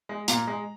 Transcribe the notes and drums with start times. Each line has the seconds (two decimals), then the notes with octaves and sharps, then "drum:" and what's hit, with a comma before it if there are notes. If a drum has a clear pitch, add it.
0.09 G#3
0.28 A#2 A#5, drum: hi-hat
0.47 G#3